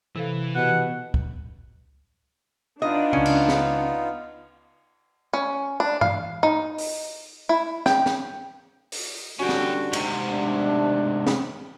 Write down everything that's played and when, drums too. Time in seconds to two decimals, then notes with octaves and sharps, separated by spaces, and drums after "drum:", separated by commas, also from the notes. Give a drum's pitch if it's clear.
0.16 C3 E3 A4 F5
0.56 B2 F#4 G4 F#5
1.14 drum: kick
2.82 B3 D4 D#4 F4 D#5
3.13 C#2 C#3 C#4
3.25 drum: cymbal
3.49 drum: snare
5.33 C#4
5.80 D4
6.01 F5, drum: tom G2
6.43 D#4
6.78 drum: open hi-hat
7.49 E4
7.86 G5, drum: snare
8.06 drum: snare
8.92 drum: open hi-hat
9.40 D3 G3 C#4 F#4 G5
9.49 drum: snare
9.93 G#2 C3, drum: cymbal
10.31 B2 A3 D4
11.27 drum: snare